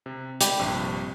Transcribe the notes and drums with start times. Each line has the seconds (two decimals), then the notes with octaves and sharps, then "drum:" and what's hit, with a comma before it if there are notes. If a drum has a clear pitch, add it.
0.06 C3
0.41 G4 D5 G5 B5, drum: hi-hat
0.59 A#1 G2 C3